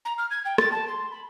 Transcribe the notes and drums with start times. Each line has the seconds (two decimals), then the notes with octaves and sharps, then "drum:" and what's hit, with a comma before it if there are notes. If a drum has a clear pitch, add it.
0.05 A#5
0.18 F6
0.30 G#6
0.45 G5
0.58 A6, drum: rim click
0.71 A5
0.87 C6
1.11 B5